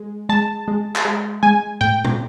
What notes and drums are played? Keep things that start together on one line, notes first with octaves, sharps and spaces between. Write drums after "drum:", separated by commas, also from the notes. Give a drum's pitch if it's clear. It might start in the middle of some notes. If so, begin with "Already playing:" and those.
Already playing: G#3
G#3 A5
G#3
drum: clap
G#3
G#3 G#5
A2 G5
drum: tom